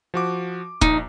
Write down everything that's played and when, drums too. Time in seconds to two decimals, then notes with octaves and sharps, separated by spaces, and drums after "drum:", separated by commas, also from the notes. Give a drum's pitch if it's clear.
0.14 F3 F#4 D6
0.81 A#1 D#4, drum: kick